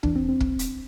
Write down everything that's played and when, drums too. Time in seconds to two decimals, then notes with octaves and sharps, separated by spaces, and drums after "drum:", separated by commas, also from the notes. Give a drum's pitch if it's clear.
0.03 E2 E3 D4, drum: kick
0.16 C4
0.29 C4
0.40 drum: kick
0.59 drum: hi-hat